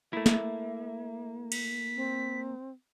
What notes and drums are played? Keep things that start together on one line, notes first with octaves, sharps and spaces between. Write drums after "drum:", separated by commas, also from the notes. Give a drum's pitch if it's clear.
A3 A#3 E4 E5
drum: snare
B6, drum: cymbal
C4